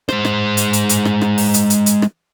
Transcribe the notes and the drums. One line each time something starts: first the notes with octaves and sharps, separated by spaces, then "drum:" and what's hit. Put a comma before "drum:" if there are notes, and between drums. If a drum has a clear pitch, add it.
G#3 C5, drum: rim click
drum: rim click
drum: hi-hat
drum: hi-hat
drum: hi-hat
drum: rim click
drum: rim click
drum: open hi-hat
drum: hi-hat
drum: hi-hat
drum: hi-hat
drum: rim click